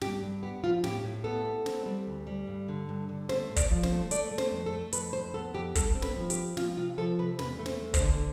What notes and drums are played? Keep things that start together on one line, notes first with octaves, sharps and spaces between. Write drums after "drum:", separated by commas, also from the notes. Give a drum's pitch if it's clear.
G2 G4, drum: snare
G2
B3 G4
F3 F4
A2 G4, drum: snare
A2
B3 A4
B3
C4, drum: snare
G3
D2
G3
G2
D3
G2
D3
A3 C5, drum: snare
A2
D5, drum: kick, hi-hat
F3
C5, drum: snare
A3
A3 D5, drum: hi-hat
A3
C5, drum: snare
F2
A4
A3
F2 B4, drum: hi-hat
F2 C5
B3 A4
F2 G4
G2 A4, drum: kick, hi-hat
C4
B4, drum: snare
F3
G4, drum: hi-hat
C4
F3 F4, drum: snare
C3 F4
F3 A4
C3 B4
E2 B4, drum: snare
A3
C5, drum: snare
E2
C5, drum: kick, hi-hat
D3